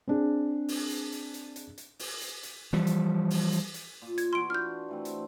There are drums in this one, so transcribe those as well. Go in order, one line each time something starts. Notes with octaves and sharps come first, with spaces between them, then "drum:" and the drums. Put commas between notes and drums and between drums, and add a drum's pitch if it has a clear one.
C4 D4 G#4
drum: open hi-hat
drum: hi-hat
drum: hi-hat
drum: hi-hat
drum: hi-hat
drum: hi-hat
drum: open hi-hat
drum: hi-hat
drum: hi-hat
E3 F3 G3
drum: hi-hat
drum: open hi-hat
drum: hi-hat
drum: hi-hat
A#2
F4 G#6, drum: hi-hat
E3 F4 F#4 C6 D7
D4 B4 F6 G6
E3 A3 C4
drum: hi-hat